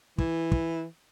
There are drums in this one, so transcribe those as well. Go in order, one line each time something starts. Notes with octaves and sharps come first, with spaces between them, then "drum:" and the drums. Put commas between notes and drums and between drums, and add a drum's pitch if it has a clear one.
E3, drum: kick
drum: kick